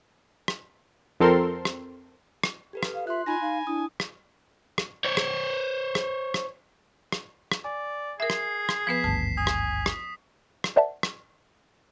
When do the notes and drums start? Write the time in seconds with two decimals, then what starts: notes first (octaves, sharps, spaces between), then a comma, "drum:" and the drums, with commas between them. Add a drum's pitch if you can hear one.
0.48 drum: rim click
1.20 F2 C4 A4 A#4 C6
1.65 drum: rim click
2.44 drum: rim click
2.73 G4 A4 B4
2.83 drum: rim click
2.94 F5
3.07 F4 E5 C6 F#6
3.26 D#4 F4 G#5 B5 A#6
3.41 D#4 F5
3.67 D4 E4 D#6
4.00 drum: rim click
4.78 drum: rim click
5.05 C5 C#5
5.17 drum: rim click
5.95 drum: rim click
6.34 drum: rim click
7.12 drum: rim click
7.52 drum: rim click
7.65 D5 G#5
8.20 G#4 A#4 E5 C7
8.30 drum: rim click
8.69 drum: rim click
8.87 F3 B3 B4 B6 C7 E7
9.04 G#1 D2 G2 A5
9.37 G#5 D#6
9.47 drum: rim click
9.86 drum: rim click
10.64 drum: rim click
10.76 A#4 C5 D5 E5 F#5 A5
11.03 drum: rim click